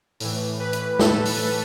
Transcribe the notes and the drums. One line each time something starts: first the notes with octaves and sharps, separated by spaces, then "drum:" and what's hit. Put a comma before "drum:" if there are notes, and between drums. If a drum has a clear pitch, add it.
A2 E3, drum: open hi-hat
B4
drum: hi-hat
A4, drum: snare
drum: open hi-hat